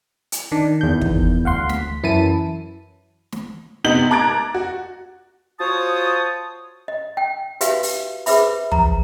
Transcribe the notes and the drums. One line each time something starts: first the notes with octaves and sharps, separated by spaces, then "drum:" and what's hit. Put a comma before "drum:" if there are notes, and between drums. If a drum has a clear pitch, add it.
drum: hi-hat
D#3 D4
E2 G6
drum: kick
D2 F5 F#5 C6
B6, drum: snare
F#2 E3 E4 A5 D#7
drum: snare
C3 B3 D#4 G6 F#7
A#5 D6 F#6 G#6 A6 D7
F#4
F4 F#4 C5 C#5 A5 D#6
D#5
G5
F#4 G4 B4 E5 F5, drum: hi-hat
drum: open hi-hat
G#4 B4 C5 E5 B5, drum: open hi-hat
A#5, drum: tom